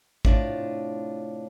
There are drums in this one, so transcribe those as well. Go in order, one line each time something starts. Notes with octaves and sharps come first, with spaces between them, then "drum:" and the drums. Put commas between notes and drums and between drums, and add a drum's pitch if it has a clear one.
A2 C3 D4 F4, drum: kick